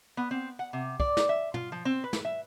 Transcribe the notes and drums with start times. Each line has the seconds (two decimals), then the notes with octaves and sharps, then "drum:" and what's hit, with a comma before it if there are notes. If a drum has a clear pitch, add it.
0.17 B3
0.31 C4
0.59 F#5
0.73 C3
1.00 D5, drum: kick
1.17 drum: snare
1.29 E5
1.54 F4, drum: tom
1.72 F3
1.85 C4
2.04 B4
2.13 drum: snare
2.25 E5